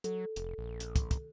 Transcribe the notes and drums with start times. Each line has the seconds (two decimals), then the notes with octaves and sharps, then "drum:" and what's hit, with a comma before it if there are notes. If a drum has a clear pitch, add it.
0.04 F#3 A4, drum: hi-hat
0.36 F1, drum: hi-hat
0.58 A#1
0.80 drum: hi-hat
0.96 drum: kick, hi-hat
1.11 drum: kick, hi-hat